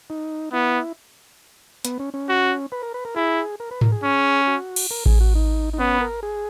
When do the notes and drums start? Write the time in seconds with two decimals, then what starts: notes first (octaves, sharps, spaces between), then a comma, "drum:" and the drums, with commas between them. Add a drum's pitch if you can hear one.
0.10 D#4
0.53 B3 E4
1.85 B3, drum: hi-hat
1.99 C#4
2.14 C#4
2.29 F#4
2.72 B4
2.83 A#4
2.94 B4
3.05 A#4
3.15 E4 G#4
3.60 A#4
3.71 B4
3.81 A#4, drum: tom G#2
3.92 G#4
4.04 C#4
4.47 F#4
4.76 drum: cymbal
4.91 A#4
5.06 G#4, drum: kick A1
5.20 F#4
5.35 D#4
5.74 D#4
5.79 B3 C#4
5.94 B4
6.01 A#4
6.23 G#4